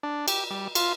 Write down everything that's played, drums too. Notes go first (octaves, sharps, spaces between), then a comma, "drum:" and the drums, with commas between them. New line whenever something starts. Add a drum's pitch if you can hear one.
D4
G4, drum: cymbal
G3
F4, drum: cymbal